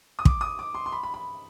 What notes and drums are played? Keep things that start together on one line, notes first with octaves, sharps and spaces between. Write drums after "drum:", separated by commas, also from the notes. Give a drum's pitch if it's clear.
D#6
D6, drum: kick
D#6
D6
C6
C6
B5
B5
B5